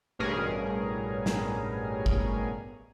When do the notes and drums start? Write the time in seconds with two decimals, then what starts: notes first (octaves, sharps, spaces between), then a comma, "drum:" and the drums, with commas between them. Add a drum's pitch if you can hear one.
0.19 A1 G2 B2 C#4 G#4 A#4
1.26 drum: snare
2.06 drum: kick G1